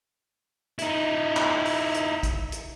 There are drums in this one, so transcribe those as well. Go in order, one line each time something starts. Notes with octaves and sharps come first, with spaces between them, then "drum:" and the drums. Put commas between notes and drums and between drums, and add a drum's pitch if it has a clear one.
D#4 E4, drum: hi-hat
drum: clap
drum: open hi-hat
drum: hi-hat
drum: kick, hi-hat
drum: hi-hat